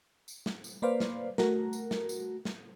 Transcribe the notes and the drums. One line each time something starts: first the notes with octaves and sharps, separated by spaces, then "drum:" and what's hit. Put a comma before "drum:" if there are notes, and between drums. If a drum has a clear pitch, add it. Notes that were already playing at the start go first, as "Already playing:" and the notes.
drum: tambourine
drum: snare
drum: tambourine
A#3 B4 C5 D5 F5
drum: snare
A3 F#4 A#4, drum: snare
drum: tambourine
drum: snare
drum: tambourine
drum: snare